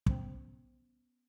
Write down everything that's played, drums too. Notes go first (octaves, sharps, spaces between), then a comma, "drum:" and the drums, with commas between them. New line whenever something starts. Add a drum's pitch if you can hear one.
B3 C#4 C5 G5, drum: kick